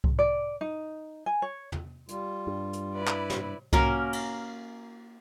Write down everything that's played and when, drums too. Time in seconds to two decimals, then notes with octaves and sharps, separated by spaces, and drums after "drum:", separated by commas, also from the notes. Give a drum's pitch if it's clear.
0.04 drum: kick C2
0.19 D5
0.61 D#4
1.26 G#5
1.42 C#5
1.72 drum: tom
2.08 G3 F4, drum: hi-hat
2.47 G2
2.73 drum: hi-hat
2.94 E4 B4 D5
3.07 drum: clap
3.30 drum: snare
3.73 A#3 C#4 F#4 A#4, drum: kick C2
4.13 drum: cymbal